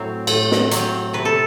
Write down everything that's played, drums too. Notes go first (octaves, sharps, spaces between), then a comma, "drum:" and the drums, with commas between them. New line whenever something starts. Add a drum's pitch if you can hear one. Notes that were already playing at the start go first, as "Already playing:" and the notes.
Already playing: A2 F#3 C4 E4
A2, drum: cymbal
drum: snare
F#3 C4, drum: hi-hat
C3 B4
A4